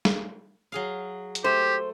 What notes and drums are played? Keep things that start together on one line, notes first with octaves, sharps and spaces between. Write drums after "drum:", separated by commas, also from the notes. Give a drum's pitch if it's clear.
drum: snare
F#3 G#4 F5
drum: hi-hat
A3 G4 C5